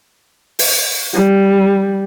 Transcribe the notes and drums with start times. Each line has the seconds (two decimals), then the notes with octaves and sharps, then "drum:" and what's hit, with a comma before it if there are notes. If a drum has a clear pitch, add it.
0.59 drum: open hi-hat
1.14 G3